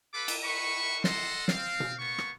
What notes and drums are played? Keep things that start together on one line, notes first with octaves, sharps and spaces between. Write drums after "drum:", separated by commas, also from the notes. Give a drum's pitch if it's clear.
F4 A4 B4 B5 D6
drum: cymbal
B4 B5 C#6
A4 D#5 F#5 C6, drum: snare
C4 F5, drum: snare
drum: tom B2
A#3 B3 C#6
drum: rim click